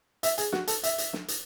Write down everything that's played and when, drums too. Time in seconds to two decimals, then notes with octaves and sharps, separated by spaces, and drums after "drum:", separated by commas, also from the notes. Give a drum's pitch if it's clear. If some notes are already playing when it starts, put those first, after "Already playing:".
0.23 E5, drum: hi-hat
0.38 G#4, drum: hi-hat
0.53 F#4, drum: snare
0.67 A4, drum: hi-hat
0.83 E5, drum: hi-hat
0.98 drum: hi-hat
1.13 drum: snare
1.28 drum: hi-hat